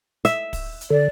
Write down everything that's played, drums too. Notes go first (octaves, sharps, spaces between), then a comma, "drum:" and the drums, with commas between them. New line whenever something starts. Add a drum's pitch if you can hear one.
E5, drum: hi-hat
drum: kick, open hi-hat
drum: hi-hat
D3 D5